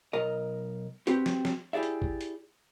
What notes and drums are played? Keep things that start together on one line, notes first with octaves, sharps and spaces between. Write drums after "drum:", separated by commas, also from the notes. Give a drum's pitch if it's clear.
B1 A#4 D#5
C4 F#4 G4 B4, drum: hi-hat
drum: snare
drum: snare
E4 G4 G#4 D5 E5
drum: hi-hat
drum: kick
drum: hi-hat